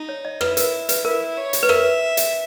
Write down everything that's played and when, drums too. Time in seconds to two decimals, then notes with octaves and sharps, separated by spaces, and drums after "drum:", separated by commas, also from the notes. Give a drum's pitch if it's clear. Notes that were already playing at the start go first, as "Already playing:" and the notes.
Already playing: D#4
0.09 C#5
0.25 D#5
0.41 E4 B4, drum: rim click
0.57 A#4, drum: hi-hat
0.89 B4, drum: hi-hat
1.05 E4 A#4
1.37 C#5
1.53 drum: hi-hat
1.63 B4
1.69 A#4 E5, drum: rim click
2.17 drum: hi-hat